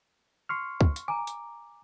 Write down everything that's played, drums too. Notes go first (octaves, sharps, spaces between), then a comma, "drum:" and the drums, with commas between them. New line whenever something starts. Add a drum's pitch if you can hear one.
C6 C#6 F6
drum: kick
drum: hi-hat
G#5 A#5 D6
drum: hi-hat